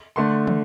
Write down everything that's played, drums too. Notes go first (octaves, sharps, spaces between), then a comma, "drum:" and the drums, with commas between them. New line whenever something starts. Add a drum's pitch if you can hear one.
D3 A3 C6
drum: tom